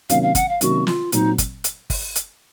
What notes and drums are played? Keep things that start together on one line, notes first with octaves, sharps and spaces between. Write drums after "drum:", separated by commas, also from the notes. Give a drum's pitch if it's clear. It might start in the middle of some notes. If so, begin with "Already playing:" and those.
C3 D#3 F#3 A#3 C#4 F5, drum: hi-hat
F5
F#5, drum: kick, hi-hat
F5
C3 D#3 F#3 A#3 C#4 F#4, drum: hi-hat
F4, drum: snare
A#2 F#3 C4 D#4, drum: hi-hat
drum: kick, hi-hat
drum: hi-hat
drum: kick, open hi-hat
drum: hi-hat